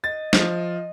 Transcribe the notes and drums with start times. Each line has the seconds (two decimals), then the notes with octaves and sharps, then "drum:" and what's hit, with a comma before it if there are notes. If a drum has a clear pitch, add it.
0.04 D#5 A6
0.33 F3, drum: snare